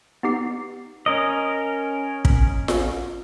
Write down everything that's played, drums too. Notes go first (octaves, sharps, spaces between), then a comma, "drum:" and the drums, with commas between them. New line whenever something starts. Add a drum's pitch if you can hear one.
B3 D#4 G4 C7
C#4 A#4 D#5
drum: kick
drum: snare F4